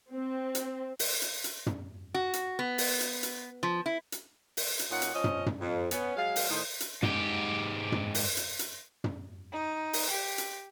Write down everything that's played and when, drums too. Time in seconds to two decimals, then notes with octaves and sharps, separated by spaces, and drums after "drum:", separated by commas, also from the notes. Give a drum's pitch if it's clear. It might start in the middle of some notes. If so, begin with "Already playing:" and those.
0.13 C4
0.55 drum: hi-hat
0.99 drum: open hi-hat
1.22 drum: hi-hat
1.44 drum: hi-hat
1.66 drum: tom
2.14 F#4
2.33 drum: hi-hat
2.59 B3
2.78 drum: open hi-hat
3.01 drum: hi-hat
3.23 drum: hi-hat
3.63 F3
3.86 E4
4.12 drum: hi-hat
4.57 drum: open hi-hat
4.79 drum: hi-hat
4.90 A#2 C#4 D#4 F4 F#5
5.02 drum: hi-hat
5.14 F3 C#4 D#5
5.24 drum: tom
5.46 drum: tom
5.60 F2
5.91 B3 C#4, drum: hi-hat
6.16 F#3 G#3 F5
6.36 drum: open hi-hat
6.49 A2 D#3 D#4 C5
6.80 drum: hi-hat
7.03 G#2 G4, drum: tom
7.92 drum: tom
8.15 drum: open hi-hat
8.37 drum: hi-hat
8.59 drum: hi-hat
9.04 drum: tom
9.53 D#4
9.93 drum: open hi-hat
10.10 G4
10.38 drum: hi-hat